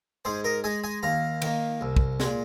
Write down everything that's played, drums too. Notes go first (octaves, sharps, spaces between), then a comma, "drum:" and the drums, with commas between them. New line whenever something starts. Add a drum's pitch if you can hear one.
G#2 G#4 C5
A#4 D#5
G#3 D#5 G#5
D#5 G#5
D#2 F5 A#5
D#3 A#3, drum: cymbal
C2
drum: kick
A#2 G#3, drum: snare